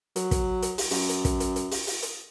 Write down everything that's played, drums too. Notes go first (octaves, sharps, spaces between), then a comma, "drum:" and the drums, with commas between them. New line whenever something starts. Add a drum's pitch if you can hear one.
F#3, drum: hi-hat
drum: kick, hi-hat
drum: hi-hat
drum: open hi-hat
F#2, drum: open hi-hat
drum: hi-hat
drum: kick, hi-hat
drum: hi-hat
drum: hi-hat
drum: open hi-hat
drum: open hi-hat
drum: hi-hat